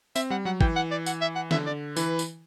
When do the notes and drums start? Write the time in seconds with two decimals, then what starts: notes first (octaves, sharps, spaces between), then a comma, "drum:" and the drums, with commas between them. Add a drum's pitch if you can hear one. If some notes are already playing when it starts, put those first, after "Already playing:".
0.16 C4 E5, drum: tambourine
0.30 G3 F#5
0.45 F#3 F#5
0.61 E3 G5, drum: kick
0.76 F#5
0.91 D5
1.06 F#5, drum: tambourine
1.21 E5
1.36 F#5
1.51 D3 E5, drum: snare
1.66 D5
1.96 E3 B4, drum: tambourine
2.19 drum: tambourine